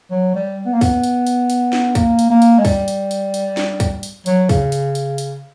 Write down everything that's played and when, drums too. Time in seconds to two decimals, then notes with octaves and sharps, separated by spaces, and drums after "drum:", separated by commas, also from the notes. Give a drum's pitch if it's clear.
0.11 F#3
0.35 G3
0.66 B3
0.73 A#3
0.81 B3, drum: kick, open hi-hat
1.04 drum: hi-hat
1.27 drum: hi-hat
1.50 drum: hi-hat
1.73 drum: snare
1.95 A#3, drum: kick, hi-hat
2.19 drum: hi-hat
2.31 A#3
2.42 drum: hi-hat
2.59 G#3
2.65 G3, drum: kick, open hi-hat
2.88 drum: hi-hat
3.11 drum: hi-hat
3.34 drum: hi-hat
3.57 drum: snare
3.80 drum: kick, hi-hat
4.03 drum: hi-hat
4.26 F#3, drum: hi-hat
4.49 C#3, drum: kick, open hi-hat
4.72 drum: hi-hat
4.95 drum: hi-hat
5.18 drum: hi-hat